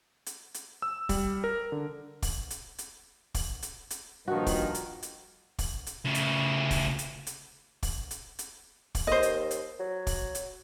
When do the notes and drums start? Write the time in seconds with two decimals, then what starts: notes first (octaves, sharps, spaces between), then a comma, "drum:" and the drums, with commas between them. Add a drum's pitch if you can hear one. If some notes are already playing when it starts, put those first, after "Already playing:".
0.26 drum: hi-hat
0.54 drum: hi-hat
0.82 E6
1.09 G3, drum: kick, open hi-hat
1.44 A#4
1.72 D3
2.22 drum: kick, open hi-hat
2.50 drum: hi-hat
2.78 drum: hi-hat
3.34 drum: kick, open hi-hat
3.62 drum: hi-hat
3.90 drum: hi-hat
4.28 G2 A#2 D#3 F3 F#4
4.47 drum: kick, open hi-hat
4.75 drum: hi-hat
5.03 drum: hi-hat
5.59 drum: kick, open hi-hat
5.87 drum: hi-hat
6.05 C#3 A3
6.15 drum: hi-hat
6.71 drum: kick, open hi-hat
6.99 drum: hi-hat
7.27 drum: hi-hat
7.83 drum: kick, open hi-hat
8.11 drum: hi-hat
8.39 drum: hi-hat
8.95 drum: kick, open hi-hat
9.07 D#2 C5 D#5
9.23 drum: hi-hat
9.51 drum: hi-hat
9.79 F#3
10.07 drum: kick, open hi-hat
10.35 drum: hi-hat